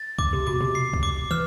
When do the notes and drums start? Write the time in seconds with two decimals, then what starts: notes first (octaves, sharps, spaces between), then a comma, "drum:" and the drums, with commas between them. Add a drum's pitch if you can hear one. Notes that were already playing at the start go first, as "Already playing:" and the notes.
Already playing: A6
0.19 D6, drum: kick C2
0.33 C3
0.47 B2 D6
0.61 C3
0.75 C7
0.93 drum: kick C2
1.03 D6
1.31 E3 F6